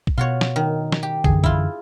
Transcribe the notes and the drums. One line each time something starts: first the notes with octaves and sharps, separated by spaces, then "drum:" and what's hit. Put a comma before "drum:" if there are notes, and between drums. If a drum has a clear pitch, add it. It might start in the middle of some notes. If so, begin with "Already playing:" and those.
drum: kick
B2 F4 F#4 C#5
drum: snare
D#3
drum: snare
G4
F#2 D3 E3 G#4, drum: kick
E4 F4, drum: kick